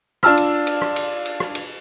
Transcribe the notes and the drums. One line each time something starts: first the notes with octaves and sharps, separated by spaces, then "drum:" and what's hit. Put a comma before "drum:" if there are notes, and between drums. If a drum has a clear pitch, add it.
D4 F4 A5 E6 F6, drum: rim click
drum: cymbal
drum: cymbal
drum: rim click
drum: cymbal
drum: cymbal
drum: rim click
drum: cymbal